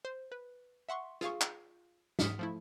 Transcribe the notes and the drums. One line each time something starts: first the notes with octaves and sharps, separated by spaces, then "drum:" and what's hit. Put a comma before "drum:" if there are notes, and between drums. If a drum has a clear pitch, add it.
C5
B4
E5 F#5 C6 C#6
F4 G#4 F5 C#6, drum: rim click
drum: clap
G#2 D#6 F6 B6, drum: snare
F3 A3 E4